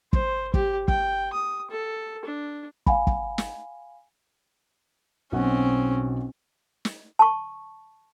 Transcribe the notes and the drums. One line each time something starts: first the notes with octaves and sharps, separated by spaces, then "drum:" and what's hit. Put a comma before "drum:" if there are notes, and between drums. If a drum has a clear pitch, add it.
C5, drum: kick
G4, drum: kick
G5, drum: kick
D#6
A4
D4
F5 F#5 G#5 B5, drum: kick
drum: kick
drum: snare
B1 B2 C4 C#4 F#5
drum: snare
A5 C#6